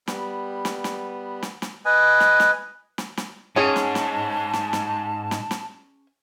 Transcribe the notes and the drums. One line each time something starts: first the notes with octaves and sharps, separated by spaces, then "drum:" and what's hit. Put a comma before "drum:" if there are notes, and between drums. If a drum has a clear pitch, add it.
G3 B3, drum: snare
drum: snare
drum: snare
drum: snare
drum: snare
B4 D#5 G#5
drum: snare
drum: snare
drum: snare
drum: snare
G#2 C#4 G#4 A5
drum: snare
drum: snare
drum: snare
drum: snare
drum: snare
drum: snare